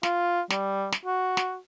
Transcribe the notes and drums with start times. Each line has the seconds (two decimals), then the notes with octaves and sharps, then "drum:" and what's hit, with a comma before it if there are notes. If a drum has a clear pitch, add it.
0.03 F4, drum: snare
0.50 G3, drum: snare
0.93 drum: snare
1.05 F#4
1.37 drum: snare